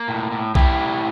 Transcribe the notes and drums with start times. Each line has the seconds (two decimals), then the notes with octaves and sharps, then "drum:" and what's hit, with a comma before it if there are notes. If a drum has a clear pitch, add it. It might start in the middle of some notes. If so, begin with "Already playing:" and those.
Already playing: A#3
0.08 A2
0.32 A2
0.55 A2 E4 G4, drum: kick B1
0.80 G3